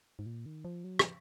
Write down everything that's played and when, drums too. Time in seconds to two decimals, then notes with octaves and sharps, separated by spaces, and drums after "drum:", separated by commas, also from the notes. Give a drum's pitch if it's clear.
0.19 G#2
0.26 A#2
0.46 D#3
0.65 F3
0.84 F#3
0.99 drum: rim click